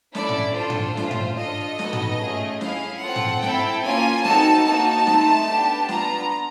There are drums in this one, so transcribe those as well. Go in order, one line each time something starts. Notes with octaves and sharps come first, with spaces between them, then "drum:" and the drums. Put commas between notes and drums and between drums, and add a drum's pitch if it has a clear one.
C#4 E4 A4 D5, drum: snare
drum: tom G#2
D4 F4 A4 C5
drum: tom G#2
A3 C#4 F4, drum: snare
drum: tom G#2
D4 F4 A4 D#5
B3 D#4 F#4 A4, drum: snare
drum: tom G#2
A3 C#4 F4 G#4
C#4 E4 G#4 F5, drum: snare
C4 F4 A4 F#5
drum: tom G#2
C4 E4 A4 G5, drum: snare
A#3 C#4 F4 G#5
C4 D#4 F#4 A4 A5, drum: snare
A#3 D#4 F#4 A5
A3 C4 D#4, drum: snare
B3 D4 G4
B3 D4 F4 A#5, drum: snare